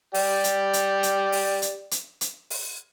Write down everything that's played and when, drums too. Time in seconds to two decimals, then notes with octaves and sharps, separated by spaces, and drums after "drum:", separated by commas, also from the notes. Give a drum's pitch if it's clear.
0.14 G4 D5, drum: open hi-hat
0.44 drum: hi-hat
0.73 drum: hi-hat
1.03 drum: hi-hat
1.32 drum: open hi-hat
1.62 drum: hi-hat
1.91 drum: hi-hat
2.21 drum: hi-hat
2.50 drum: open hi-hat